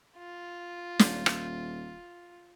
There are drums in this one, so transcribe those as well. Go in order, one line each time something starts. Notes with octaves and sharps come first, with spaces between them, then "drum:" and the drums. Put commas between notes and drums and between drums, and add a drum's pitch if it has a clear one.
F4
D#1, drum: snare
drum: rim click